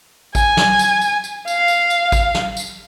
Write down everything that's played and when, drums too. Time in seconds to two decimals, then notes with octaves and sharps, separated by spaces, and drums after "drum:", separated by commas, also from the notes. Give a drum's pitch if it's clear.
0.35 G#5, drum: kick, tambourine
0.57 drum: snare
0.79 drum: tambourine
1.01 drum: tambourine
1.24 drum: tambourine
1.48 F5, drum: tambourine
1.68 drum: tambourine
1.90 drum: tambourine
2.12 drum: kick, tambourine
2.34 drum: snare
2.57 drum: tambourine